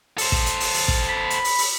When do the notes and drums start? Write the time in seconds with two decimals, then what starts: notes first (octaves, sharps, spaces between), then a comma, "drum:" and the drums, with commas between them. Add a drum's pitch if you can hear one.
0.18 A4 C5, drum: open hi-hat
0.32 drum: kick
0.46 drum: hi-hat
0.60 drum: open hi-hat
0.74 drum: open hi-hat
0.88 drum: kick
1.08 B5
1.30 drum: hi-hat
1.44 drum: open hi-hat
1.58 drum: open hi-hat